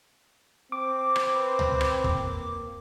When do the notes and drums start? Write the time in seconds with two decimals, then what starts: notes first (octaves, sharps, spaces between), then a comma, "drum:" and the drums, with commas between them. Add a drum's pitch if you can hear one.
0.72 C4 D6
1.16 drum: rim click
1.33 B4
1.59 drum: tom C#2
1.81 drum: rim click
2.04 F2 A#3, drum: kick